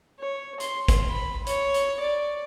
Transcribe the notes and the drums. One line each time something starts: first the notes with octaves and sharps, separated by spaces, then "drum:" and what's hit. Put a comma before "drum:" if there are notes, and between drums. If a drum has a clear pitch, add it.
C#5
C6, drum: hi-hat
drum: kick G#1, hi-hat
B5
C#5, drum: hi-hat
drum: hi-hat
D5